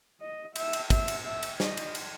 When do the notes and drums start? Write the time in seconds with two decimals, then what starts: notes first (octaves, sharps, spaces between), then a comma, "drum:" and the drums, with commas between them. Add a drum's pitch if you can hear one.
0.21 D#5
0.56 E5, drum: cymbal
0.73 drum: cymbal
0.90 E5, drum: kick, cymbal
1.08 drum: cymbal
1.25 E5
1.43 drum: cymbal
1.60 D#5, drum: snare
1.77 drum: cymbal
1.95 drum: cymbal